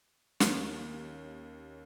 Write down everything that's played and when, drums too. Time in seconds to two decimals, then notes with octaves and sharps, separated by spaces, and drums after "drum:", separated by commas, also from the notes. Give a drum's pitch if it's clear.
0.40 D#2 C#4, drum: snare